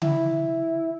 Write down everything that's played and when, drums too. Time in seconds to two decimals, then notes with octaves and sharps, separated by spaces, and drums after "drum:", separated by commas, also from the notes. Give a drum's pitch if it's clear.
0.02 E4, drum: tom C#3